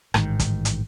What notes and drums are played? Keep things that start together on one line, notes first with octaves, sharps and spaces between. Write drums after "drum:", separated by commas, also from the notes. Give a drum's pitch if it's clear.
A1 G#2 D#3, drum: rim click
drum: kick, hi-hat
drum: hi-hat